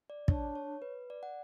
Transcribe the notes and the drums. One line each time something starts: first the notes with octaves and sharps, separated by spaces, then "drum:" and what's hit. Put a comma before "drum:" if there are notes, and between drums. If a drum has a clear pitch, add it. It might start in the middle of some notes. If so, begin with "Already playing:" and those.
D5
D4 C#5, drum: kick
C#5
B4
D5
F#5